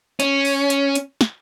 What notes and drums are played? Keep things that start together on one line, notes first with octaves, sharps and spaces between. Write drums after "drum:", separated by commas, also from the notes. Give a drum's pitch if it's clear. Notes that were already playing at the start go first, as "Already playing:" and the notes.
C#4, drum: hi-hat
drum: open hi-hat
drum: hi-hat
drum: hi-hat
drum: snare